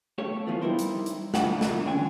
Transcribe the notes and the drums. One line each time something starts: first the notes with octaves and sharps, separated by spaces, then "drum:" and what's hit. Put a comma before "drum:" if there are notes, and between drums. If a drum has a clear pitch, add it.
A3 G4 A4 C#5
E3 F3 A3 B3 F4
G3 D#4 E4 A#4 C5
drum: hi-hat
drum: hi-hat
C2 D3 G3 D4 F#5, drum: snare
drum: snare
A#2 D3 E3 C#4 G5 G#5